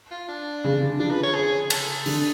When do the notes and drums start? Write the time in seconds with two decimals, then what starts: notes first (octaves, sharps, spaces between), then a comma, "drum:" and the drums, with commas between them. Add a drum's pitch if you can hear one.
0.11 F4
0.28 D4
0.64 C#3
0.81 D3
0.99 F3 D4
1.11 B4
1.23 C#5
1.35 G#4
1.70 A4, drum: cymbal
2.06 D3, drum: open hi-hat